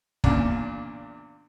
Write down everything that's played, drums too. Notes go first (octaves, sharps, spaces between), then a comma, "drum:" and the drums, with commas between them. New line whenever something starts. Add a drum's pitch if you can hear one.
E2 A#2 C#3 D4, drum: kick